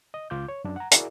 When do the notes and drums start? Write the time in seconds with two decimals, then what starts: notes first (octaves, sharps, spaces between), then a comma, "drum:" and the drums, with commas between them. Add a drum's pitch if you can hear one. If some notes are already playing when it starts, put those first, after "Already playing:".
0.14 D#5
0.30 C#2 F4 D6 G6
0.48 C#5
0.64 F#2 D4
0.76 F#5 A#5
0.91 E4 F#4 G#4 A#4 D5 E5, drum: hi-hat